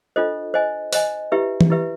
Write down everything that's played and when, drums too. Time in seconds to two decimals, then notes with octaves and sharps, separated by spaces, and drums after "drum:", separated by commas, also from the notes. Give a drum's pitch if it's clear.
0.16 D4 F4 A4 C5 D#5
0.54 C5 D#5 G#5
0.93 C5 D#5 G#5, drum: open hi-hat
1.32 E4 G4 B4 E5
1.61 drum: tom E3
1.70 E4 G4 B4 E5